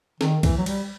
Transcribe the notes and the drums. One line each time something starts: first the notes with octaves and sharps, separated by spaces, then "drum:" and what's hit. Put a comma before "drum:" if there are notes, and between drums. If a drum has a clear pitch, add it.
D#3, drum: snare
E3, drum: kick B1, cymbal
F#3
G3, drum: cymbal